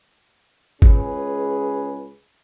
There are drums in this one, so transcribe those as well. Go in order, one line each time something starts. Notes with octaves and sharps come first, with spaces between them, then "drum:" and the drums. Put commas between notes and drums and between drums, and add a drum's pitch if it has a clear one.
C#2 C#4 G#4 B4, drum: kick G#1